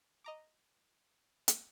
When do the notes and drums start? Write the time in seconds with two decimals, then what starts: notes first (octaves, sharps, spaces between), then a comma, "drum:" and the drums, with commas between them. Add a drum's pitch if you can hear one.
0.24 D#5 A#5 D6
1.48 drum: hi-hat